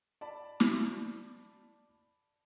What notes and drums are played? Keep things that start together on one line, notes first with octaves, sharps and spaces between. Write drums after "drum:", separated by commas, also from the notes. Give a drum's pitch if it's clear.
D5 A5 B5
drum: snare